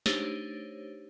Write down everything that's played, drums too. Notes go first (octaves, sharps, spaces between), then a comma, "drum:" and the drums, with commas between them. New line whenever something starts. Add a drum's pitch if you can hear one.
A3 D4 D#4 G4 C5 C#5, drum: snare